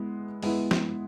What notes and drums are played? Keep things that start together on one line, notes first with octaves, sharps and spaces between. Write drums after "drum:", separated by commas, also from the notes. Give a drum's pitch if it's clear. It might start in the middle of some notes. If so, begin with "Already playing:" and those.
Already playing: G#3 B3 E4
G#3 B3 E4, drum: open hi-hat
drum: snare